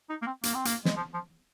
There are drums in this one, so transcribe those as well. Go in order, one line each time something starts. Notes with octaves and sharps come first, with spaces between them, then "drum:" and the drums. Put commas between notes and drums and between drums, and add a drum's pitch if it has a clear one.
D#4
A#3
C4
A#3, drum: hi-hat
C4
A#3, drum: hi-hat
G#3, drum: snare
F3
F3